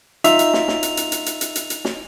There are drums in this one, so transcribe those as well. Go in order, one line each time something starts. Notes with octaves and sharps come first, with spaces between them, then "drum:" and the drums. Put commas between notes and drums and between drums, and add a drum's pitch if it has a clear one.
D#4 F4 E5 F7, drum: hi-hat
drum: hi-hat
drum: snare
drum: snare
drum: hi-hat
drum: hi-hat
drum: hi-hat
drum: hi-hat
drum: hi-hat
drum: hi-hat
drum: hi-hat
drum: snare